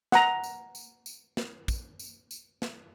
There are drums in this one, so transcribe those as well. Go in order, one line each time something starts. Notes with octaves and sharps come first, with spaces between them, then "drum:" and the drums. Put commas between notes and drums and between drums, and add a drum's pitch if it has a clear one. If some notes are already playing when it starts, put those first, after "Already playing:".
F#5 A#5, drum: snare
drum: tambourine
drum: tambourine
drum: tambourine
drum: snare
drum: kick, tambourine
drum: tambourine
drum: tambourine
drum: snare